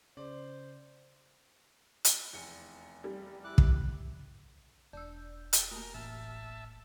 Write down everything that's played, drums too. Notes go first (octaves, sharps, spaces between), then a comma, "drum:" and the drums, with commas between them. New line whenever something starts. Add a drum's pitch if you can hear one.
C#3 C5 D5
drum: hi-hat
F1 E2 C#7
G3
E4 D6 F#6
drum: kick
E1 D4 E6 G6
A4 G5 D#6, drum: hi-hat
A3 A#3 A#4
A1 E5 A5 F6